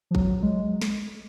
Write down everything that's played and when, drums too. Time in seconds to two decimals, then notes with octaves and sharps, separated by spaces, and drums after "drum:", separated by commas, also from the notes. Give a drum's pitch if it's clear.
0.11 F3
0.15 F#3, drum: kick
0.43 G#3
0.81 drum: snare